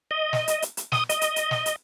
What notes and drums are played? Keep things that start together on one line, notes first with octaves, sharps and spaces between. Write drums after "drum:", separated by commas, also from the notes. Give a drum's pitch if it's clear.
D#5
drum: snare
drum: hi-hat
drum: hi-hat
drum: hi-hat
D#6, drum: snare
D#5, drum: hi-hat
drum: hi-hat
drum: hi-hat
drum: snare
drum: hi-hat